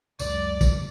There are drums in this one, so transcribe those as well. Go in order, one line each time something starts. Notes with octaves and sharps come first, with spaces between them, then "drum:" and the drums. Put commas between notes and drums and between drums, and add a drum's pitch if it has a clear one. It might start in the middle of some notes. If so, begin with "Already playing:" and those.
C#2 F#2 G#3 D5, drum: tambourine
drum: kick, tambourine